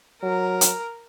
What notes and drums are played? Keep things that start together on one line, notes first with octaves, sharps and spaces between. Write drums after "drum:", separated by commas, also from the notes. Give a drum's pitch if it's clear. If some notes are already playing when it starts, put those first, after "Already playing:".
F#3 A#4
drum: hi-hat